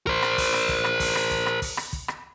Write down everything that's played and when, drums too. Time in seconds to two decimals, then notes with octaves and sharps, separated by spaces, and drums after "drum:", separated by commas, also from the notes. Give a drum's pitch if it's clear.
0.07 A#4 C5, drum: kick
0.22 drum: rim click
0.38 drum: kick, open hi-hat
0.53 drum: rim click
0.69 drum: kick, hi-hat
0.84 drum: rim click
1.00 drum: kick, open hi-hat
1.15 drum: rim click
1.31 drum: kick, hi-hat
1.46 drum: rim click
1.62 drum: kick, open hi-hat
1.77 drum: rim click
1.93 drum: kick, hi-hat
2.08 drum: rim click